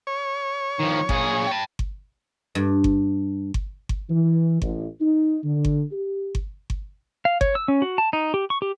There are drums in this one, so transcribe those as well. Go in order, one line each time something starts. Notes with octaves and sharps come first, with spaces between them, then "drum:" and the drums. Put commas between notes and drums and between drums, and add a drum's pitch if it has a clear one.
C#5
D#3 F3
A#2 G#4, drum: kick G1
G5 A5
drum: kick G1
G2
drum: kick G1
drum: kick G1
drum: kick G1
E3
A1, drum: kick G1
D#4
D3
drum: kick G1
G4
drum: kick G1
drum: kick G1
F5
C#5, drum: kick G1
E6
C#4
F#4
A5
D#4
G4
C#6
G4